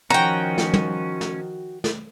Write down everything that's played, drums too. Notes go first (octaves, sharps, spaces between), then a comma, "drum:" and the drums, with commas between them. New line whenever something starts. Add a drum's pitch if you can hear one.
D#3 F3 C#4 F#4 G5 A#5
drum: snare
drum: tom
drum: snare
drum: snare